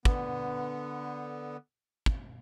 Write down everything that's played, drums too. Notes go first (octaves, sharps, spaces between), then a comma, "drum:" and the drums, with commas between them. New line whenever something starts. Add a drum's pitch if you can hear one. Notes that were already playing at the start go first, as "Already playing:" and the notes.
D3 B3, drum: kick
drum: kick